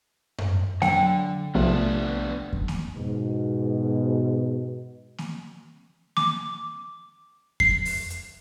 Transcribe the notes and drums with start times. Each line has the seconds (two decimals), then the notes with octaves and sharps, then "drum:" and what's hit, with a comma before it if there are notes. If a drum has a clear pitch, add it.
0.38 drum: tom F#2
0.82 D3 F#3 G5, drum: snare A#3
1.55 B1 C3 F3 A3 B3 D4
2.53 drum: kick F2
2.68 drum: snare A#3
2.95 G#2 B2
5.18 drum: snare A#3
6.17 D6, drum: snare A#3
7.60 C7, drum: kick F2
7.85 drum: open hi-hat
8.10 drum: hi-hat